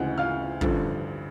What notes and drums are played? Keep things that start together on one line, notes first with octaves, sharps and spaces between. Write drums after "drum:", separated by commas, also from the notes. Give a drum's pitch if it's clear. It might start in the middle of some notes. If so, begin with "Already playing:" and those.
Already playing: D2 C#3 E3 G#3 F#5 F#6 G6
F5 F6
A1 G2 D3 F3, drum: kick